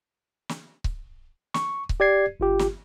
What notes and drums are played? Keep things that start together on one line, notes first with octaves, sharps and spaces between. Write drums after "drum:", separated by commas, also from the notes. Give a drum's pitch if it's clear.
drum: snare
drum: kick C#1
C#6, drum: snare
drum: kick C#1
G4 D5 G#6 C7
G1 F4 G4
drum: snare